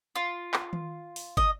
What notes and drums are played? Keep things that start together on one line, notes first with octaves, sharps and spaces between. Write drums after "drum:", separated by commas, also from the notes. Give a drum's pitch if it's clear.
F4
drum: clap
drum: tom D#3
drum: open hi-hat
D#5, drum: kick